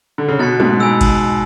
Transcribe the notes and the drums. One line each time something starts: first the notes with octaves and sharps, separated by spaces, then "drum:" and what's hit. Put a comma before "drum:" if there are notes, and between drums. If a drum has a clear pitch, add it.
D3
C#3
B2 F#6 A6 C#7
G#2, drum: tom
G#2 G#5 B5 E6
drum: kick G1, cymbal